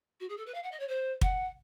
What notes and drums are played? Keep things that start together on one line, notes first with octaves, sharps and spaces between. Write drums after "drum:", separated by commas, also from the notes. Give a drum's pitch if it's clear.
F#4
G#4
A4
B4
F5
F#5
D#5
C#5
C5
F#5, drum: kick